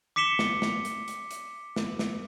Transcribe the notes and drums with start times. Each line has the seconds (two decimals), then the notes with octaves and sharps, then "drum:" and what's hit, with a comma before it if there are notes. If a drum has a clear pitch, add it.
0.16 D6 B6 C#7 E7 G7
0.39 drum: snare
0.62 drum: snare
0.85 drum: hi-hat
1.08 drum: hi-hat
1.31 drum: hi-hat
1.76 drum: snare
1.99 drum: snare